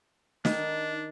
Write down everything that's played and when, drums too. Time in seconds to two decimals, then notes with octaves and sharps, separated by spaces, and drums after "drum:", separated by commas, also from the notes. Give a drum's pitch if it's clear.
0.45 D#3 D4 D#4, drum: snare